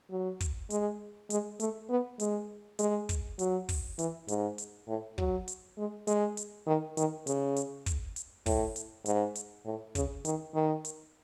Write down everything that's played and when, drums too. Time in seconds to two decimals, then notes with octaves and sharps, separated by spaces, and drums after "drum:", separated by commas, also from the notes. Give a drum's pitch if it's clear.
0.11 F#3
0.40 drum: kick, hi-hat
0.70 G#3, drum: hi-hat
1.30 G#3, drum: hi-hat
1.60 A3, drum: hi-hat
1.90 B3
2.20 G#3, drum: hi-hat
2.79 G#3, drum: hi-hat
3.09 drum: kick, hi-hat
3.39 F#3, drum: hi-hat
3.69 drum: kick, open hi-hat
3.99 E3, drum: hi-hat
4.28 G#2, drum: hi-hat
4.58 drum: hi-hat
4.88 A2
5.18 F#3, drum: kick
5.48 drum: hi-hat
5.77 G#3
6.07 G#3, drum: hi-hat
6.37 drum: hi-hat
6.67 D#3
6.97 D#3, drum: hi-hat
7.27 C#3, drum: hi-hat
7.56 drum: hi-hat
7.86 drum: kick, hi-hat
8.16 drum: hi-hat
8.46 A2, drum: kick, open hi-hat
8.76 drum: hi-hat
9.06 G#2, drum: hi-hat
9.35 drum: hi-hat
9.66 A2
9.95 C#3, drum: kick, hi-hat
10.25 D#3, drum: hi-hat
10.54 D#3
10.85 drum: hi-hat